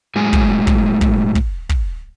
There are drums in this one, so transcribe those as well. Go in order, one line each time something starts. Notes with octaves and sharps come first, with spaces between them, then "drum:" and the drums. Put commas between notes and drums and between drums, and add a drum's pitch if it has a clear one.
A2 F#3 G#3 G#5
drum: kick
drum: kick
drum: kick
drum: kick
drum: kick